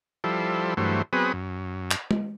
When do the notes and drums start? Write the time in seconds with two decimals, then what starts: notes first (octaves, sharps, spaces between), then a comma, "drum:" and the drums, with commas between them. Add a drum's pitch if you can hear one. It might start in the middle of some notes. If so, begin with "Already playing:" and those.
0.24 F3 G3 E4 A4 C5
0.77 G2 E3 F#3 A3 C5
1.13 F#3 B3 C4 G#4 B4 D#6
1.33 F#2
1.91 drum: clap
2.11 drum: tom